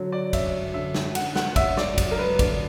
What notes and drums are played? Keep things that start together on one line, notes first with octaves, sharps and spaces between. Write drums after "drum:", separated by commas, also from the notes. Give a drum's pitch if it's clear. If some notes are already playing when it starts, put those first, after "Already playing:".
Already playing: D3 F#3
D5
C#4 E5, drum: kick, cymbal
D3 E5
drum: snare
C#4 F#5, drum: cymbal
F#5, drum: snare
C#4 E5, drum: kick, cymbal
D5, drum: snare
F#3, drum: kick, cymbal
A#4
B4
D3 D5, drum: kick, cymbal